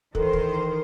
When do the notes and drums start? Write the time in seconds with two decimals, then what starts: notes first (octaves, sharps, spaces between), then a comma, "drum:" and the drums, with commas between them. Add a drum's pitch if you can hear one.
0.15 D#3 E3 A4 A#4 C5, drum: kick
0.33 drum: kick